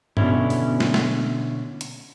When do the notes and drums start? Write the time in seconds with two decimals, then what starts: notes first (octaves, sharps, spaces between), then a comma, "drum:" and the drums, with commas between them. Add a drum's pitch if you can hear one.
0.17 B2 D3 C#4 E4, drum: tom G2
0.50 drum: open hi-hat
0.80 drum: snare
0.94 drum: snare
1.81 drum: hi-hat